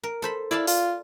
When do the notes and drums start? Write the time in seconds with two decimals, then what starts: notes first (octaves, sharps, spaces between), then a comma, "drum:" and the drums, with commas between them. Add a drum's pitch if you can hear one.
0.03 A#4
0.22 A4 C5 B5
0.51 E4 D5 F5 A5
0.67 F4, drum: open hi-hat